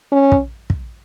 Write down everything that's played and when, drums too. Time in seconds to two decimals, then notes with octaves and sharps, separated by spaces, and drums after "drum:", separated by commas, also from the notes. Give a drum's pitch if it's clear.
0.12 C#4
0.32 drum: kick
0.70 drum: kick